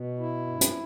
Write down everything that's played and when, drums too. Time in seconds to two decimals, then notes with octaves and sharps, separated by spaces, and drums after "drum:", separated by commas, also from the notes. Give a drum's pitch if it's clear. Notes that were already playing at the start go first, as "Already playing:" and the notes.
Already playing: B2
0.19 E4
0.47 G2
0.61 drum: hi-hat